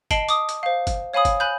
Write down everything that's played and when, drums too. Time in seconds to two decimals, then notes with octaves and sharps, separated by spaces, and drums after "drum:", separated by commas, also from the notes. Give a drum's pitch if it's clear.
0.11 D#5 A5 C7 D7 F#7 G7, drum: kick, hi-hat
0.29 D6 D#6, drum: hi-hat
0.49 drum: hi-hat
0.63 C5 F5
0.87 drum: kick, hi-hat
1.14 C#5 F5 G#5 B5 D#6
1.25 drum: kick, hi-hat
1.40 G#5 B5 F#6 G6